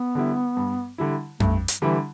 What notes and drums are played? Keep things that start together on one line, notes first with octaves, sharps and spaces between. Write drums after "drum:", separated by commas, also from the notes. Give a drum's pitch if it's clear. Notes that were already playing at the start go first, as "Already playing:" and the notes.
Already playing: B3
D3 G3 E4
G2
D3 G3 E4
G2 A3, drum: tom F2
drum: hi-hat
D3 E3 G3 E4